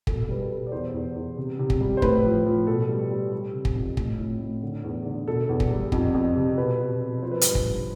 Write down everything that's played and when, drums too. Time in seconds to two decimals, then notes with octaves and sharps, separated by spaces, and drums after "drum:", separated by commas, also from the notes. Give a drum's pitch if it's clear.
0.07 B2 A4, drum: kick
0.29 G3 B4
0.40 A4
0.50 B2
0.67 D5
0.72 E2 C5
0.94 E2
1.16 E2
1.37 C3
1.59 C3
1.70 drum: kick
1.81 G3
1.97 C5
2.02 A2 B4, drum: kick
2.24 F3
2.46 F3
2.67 B2 A4
2.89 G3
3.10 G3
3.33 G3
3.54 C3
3.65 drum: kick
3.76 F2
3.97 A2, drum: kick
4.19 A2
4.40 A2
4.63 D3
4.84 E2
5.05 D3
5.28 B2 A4
5.49 E2
5.60 drum: kick
5.71 G3
5.92 F2, drum: kick
6.14 F2
6.36 C3
6.58 B2 B4
6.79 B2
7.01 B2
7.22 F3 C5
7.31 B4
7.41 G2 C5, drum: hi-hat
7.55 drum: kick
7.66 G2